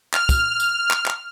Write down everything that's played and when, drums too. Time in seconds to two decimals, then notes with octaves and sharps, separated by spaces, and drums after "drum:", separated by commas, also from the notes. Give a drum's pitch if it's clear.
0.14 F6, drum: clap
0.29 drum: kick, tambourine
0.60 drum: tambourine
0.91 drum: clap
1.06 drum: clap